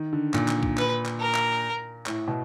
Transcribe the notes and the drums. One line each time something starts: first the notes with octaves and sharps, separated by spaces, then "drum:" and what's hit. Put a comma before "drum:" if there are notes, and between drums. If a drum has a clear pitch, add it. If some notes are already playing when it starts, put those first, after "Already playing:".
Already playing: D#3
D3
A#2, drum: clap
drum: clap
drum: kick
B4, drum: clap
drum: clap
A#4
drum: clap
A2, drum: clap
B2